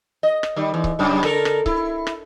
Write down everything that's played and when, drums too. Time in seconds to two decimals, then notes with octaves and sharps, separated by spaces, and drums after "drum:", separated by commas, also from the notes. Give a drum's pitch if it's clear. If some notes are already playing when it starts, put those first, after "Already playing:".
0.23 D#5
0.43 drum: rim click
0.56 D#3 G3
0.74 E2
0.84 drum: kick C#1
0.99 F#2 C#3 G3
1.23 D3 A4 A#4, drum: rim click
1.45 drum: rim click
1.66 E4, drum: kick C#1
2.07 drum: rim click